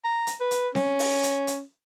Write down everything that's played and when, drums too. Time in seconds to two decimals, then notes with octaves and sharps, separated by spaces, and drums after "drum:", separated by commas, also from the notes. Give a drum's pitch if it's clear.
0.05 A#5
0.27 drum: hi-hat
0.40 B4
0.51 drum: hi-hat
0.75 C#4, drum: snare C4
0.99 drum: open hi-hat
1.23 drum: hi-hat
1.47 drum: hi-hat